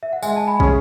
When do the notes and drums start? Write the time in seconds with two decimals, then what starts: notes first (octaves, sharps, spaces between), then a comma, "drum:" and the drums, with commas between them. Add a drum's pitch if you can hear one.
0.03 E5
0.13 F#5
0.22 G#3 E5 G#5, drum: tambourine
0.36 A5
0.48 G#5 B5
0.60 C#4 G#4, drum: kick